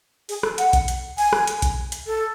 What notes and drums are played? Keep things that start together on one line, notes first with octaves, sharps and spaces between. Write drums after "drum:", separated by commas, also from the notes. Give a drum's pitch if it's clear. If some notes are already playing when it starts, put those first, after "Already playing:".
G#4, drum: open hi-hat
A4, drum: rim click
F#5, drum: hi-hat
drum: kick A#1, hi-hat
drum: hi-hat
G#5, drum: open hi-hat
drum: rim click
drum: hi-hat
drum: kick A#1, hi-hat
drum: hi-hat
A4